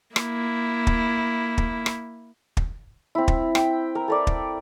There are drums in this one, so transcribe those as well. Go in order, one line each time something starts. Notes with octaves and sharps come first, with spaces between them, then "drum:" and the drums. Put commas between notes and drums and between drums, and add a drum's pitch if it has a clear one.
A#3 E4, drum: rim click
drum: kick
drum: kick
drum: rim click
drum: kick
C4 E4
drum: kick
G5, drum: rim click
A#4
A4 A#4 D5
drum: kick